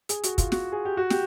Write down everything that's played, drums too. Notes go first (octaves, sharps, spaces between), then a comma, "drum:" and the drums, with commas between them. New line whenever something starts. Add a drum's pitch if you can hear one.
G#4, drum: hi-hat
F#4, drum: hi-hat
F4, drum: kick, hi-hat
F#4, drum: snare
G#4
G4
F#4
G4, drum: snare